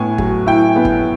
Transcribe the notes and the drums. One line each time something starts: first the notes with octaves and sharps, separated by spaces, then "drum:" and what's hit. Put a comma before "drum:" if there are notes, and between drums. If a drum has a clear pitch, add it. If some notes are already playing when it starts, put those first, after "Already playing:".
Already playing: A2 B3 G#5
F#3, drum: kick
E4 G5
B3
drum: kick